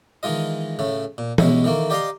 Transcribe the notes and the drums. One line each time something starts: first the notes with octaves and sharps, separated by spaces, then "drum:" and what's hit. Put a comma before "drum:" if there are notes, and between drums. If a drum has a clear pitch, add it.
D#3 E3 G#3 F4 D#5
A2 C#3 A3
A#2
B1 B2 G#3 C#4 E4 B5, drum: tom E3
D#3 E3 A3 A#3
G4 D5 D#5 F5 A#5 C6